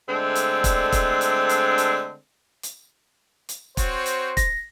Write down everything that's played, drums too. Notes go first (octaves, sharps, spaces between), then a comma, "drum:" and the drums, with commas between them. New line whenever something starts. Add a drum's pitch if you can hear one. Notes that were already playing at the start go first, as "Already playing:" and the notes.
D3 G#3 A3 C4 D4 A4
drum: hi-hat
drum: kick, hi-hat
drum: kick, hi-hat
drum: hi-hat
drum: hi-hat
drum: hi-hat
drum: hi-hat
drum: hi-hat
C4 F#4 C5 C#5, drum: kick, hi-hat
drum: hi-hat
A#6, drum: kick, hi-hat